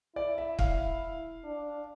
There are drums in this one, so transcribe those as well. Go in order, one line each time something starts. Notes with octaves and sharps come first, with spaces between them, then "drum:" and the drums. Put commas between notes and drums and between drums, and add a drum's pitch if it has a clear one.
E4 D5
E5
F5, drum: kick
D4